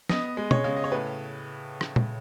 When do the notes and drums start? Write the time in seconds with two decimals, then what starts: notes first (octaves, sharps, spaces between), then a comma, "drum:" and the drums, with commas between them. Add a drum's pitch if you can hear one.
0.10 B3 D#5, drum: snare
0.37 G#3
0.51 C#5, drum: tom B2
0.64 C#3
0.76 D#5
0.84 C#5
0.92 A2 B4
1.81 drum: rim click
1.96 drum: tom A#2